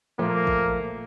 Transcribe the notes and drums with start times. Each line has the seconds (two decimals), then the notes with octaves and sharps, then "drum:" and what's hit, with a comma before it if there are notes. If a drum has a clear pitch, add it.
0.19 A#2 F3 A3 A#3
0.47 drum: kick